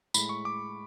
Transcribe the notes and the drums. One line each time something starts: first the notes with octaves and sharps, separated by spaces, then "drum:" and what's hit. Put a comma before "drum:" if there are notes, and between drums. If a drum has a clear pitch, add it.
A2 G#3 B5, drum: tambourine
C#6
D6